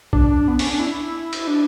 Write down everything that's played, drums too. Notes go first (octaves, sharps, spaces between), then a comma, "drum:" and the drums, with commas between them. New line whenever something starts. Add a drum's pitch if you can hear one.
D4, drum: kick A#1
B3
C#4, drum: open hi-hat
D4
E4
drum: cymbal
D4